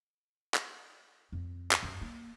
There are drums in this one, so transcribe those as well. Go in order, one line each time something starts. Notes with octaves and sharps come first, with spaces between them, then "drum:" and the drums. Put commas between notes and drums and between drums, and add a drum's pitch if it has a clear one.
drum: clap
F2
drum: clap
F#2
A#3